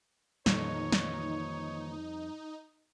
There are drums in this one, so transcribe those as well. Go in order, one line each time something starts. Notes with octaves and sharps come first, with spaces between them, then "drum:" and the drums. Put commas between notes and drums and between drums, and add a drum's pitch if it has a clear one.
F2 A#2 D#3 E3 G3 A3 D#4 C#5, drum: snare
drum: snare